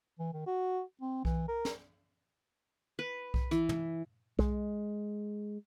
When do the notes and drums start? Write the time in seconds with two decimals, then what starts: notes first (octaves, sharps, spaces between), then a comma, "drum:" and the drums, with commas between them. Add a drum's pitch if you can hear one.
0.19 E3
0.33 D#3
0.47 F#4
1.02 C4
1.25 E3, drum: kick B1
1.48 A#4
1.65 drum: snare
2.99 B4
3.34 drum: kick B1
3.51 E3, drum: hi-hat
3.69 drum: tom
4.39 G#3, drum: kick B1